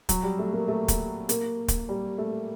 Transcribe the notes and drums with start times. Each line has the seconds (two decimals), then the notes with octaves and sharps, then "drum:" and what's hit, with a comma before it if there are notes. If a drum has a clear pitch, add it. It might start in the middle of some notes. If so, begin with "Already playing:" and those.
0.09 F#3, drum: kick, hi-hat
0.23 G3
0.39 A3
0.53 A#3
0.68 A3
0.88 drum: kick, hi-hat
1.29 A#3, drum: hi-hat
1.68 drum: kick, hi-hat
1.89 G3
2.18 A3